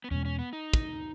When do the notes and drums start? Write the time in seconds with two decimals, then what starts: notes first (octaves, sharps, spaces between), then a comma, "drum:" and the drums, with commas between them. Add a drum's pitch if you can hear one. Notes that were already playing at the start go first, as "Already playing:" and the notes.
0.04 B3
0.11 E2 B2 G#3 C#4
0.25 C#4
0.39 B3
0.53 D#4
0.73 drum: kick